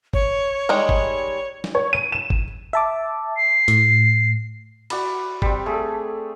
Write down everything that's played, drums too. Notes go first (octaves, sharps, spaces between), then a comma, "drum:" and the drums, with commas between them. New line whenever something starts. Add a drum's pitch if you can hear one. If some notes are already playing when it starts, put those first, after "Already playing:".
C#5, drum: kick G1
D#3 G3 G#3
drum: kick G1
drum: snare
C#5
D#7
E7
drum: kick G1
E5 A5 D6
C7
A2, drum: hi-hat
F#4 D5 B5, drum: cymbal
G3 C4, drum: kick G1
A3 G#4 A4